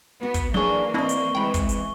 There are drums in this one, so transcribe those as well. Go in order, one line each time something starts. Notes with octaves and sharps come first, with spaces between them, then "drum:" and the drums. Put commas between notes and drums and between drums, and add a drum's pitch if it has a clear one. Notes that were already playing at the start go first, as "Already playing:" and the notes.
B3 F#4
drum: kick, hi-hat
E3 F#3 A#3 D4 G#4 C#6 G7
C4 D4 E4 D5 D#5
drum: hi-hat
E3 G#3 G5 B5
drum: kick, hi-hat
drum: hi-hat